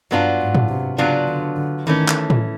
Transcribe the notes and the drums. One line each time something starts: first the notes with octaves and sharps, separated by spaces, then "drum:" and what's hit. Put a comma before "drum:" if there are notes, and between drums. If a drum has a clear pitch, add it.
G2 F#3 B3 D4 F4
G#2
drum: tom A2
C3
C#3 F#3 B3 D4 F4
D3
D3
D#3 E3 A3 C#4
drum: clap
drum: tom A2